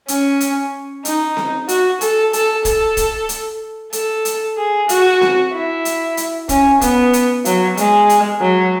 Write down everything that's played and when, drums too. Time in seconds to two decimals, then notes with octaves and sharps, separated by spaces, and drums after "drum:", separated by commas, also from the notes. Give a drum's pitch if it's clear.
0.08 C#4, drum: hi-hat
0.41 drum: hi-hat
1.05 D#4, drum: hi-hat
1.37 drum: snare C4
1.69 F#4, drum: hi-hat
2.01 A4, drum: hi-hat
2.33 A4, drum: hi-hat
2.65 A4, drum: kick, hi-hat
2.97 drum: kick, hi-hat
3.29 drum: hi-hat
3.93 A4, drum: hi-hat
4.25 drum: hi-hat
4.58 G#4
4.89 F#4, drum: hi-hat
5.21 drum: snare C4
5.53 E4
5.85 drum: hi-hat
6.17 drum: hi-hat
6.49 C#4, drum: kick, hi-hat
6.81 B3, drum: kick, hi-hat
7.13 drum: hi-hat
7.45 F#3, drum: hi-hat
7.77 G#3, drum: hi-hat
8.09 drum: hi-hat
8.41 F#3